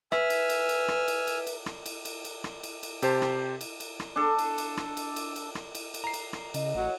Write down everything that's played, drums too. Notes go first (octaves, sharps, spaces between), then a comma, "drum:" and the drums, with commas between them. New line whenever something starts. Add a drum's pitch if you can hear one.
B4 E5 G#5 E6 F6, drum: rim click
drum: cymbal
drum: cymbal
drum: cymbal
drum: rim click
drum: cymbal
drum: cymbal
drum: cymbal
drum: rim click
drum: cymbal
drum: cymbal
drum: cymbal
drum: rim click
drum: cymbal
drum: cymbal
C3 G4 C5 A5, drum: cymbal
drum: rim click
drum: cymbal
drum: cymbal
drum: rim click
D4 A4
drum: cymbal
drum: cymbal
drum: rim click
drum: cymbal
drum: cymbal
drum: cymbal
drum: rim click
drum: cymbal
drum: cymbal
A#5 C7
drum: cymbal
drum: rim click
C#3 D#5, drum: cymbal
A1 F#3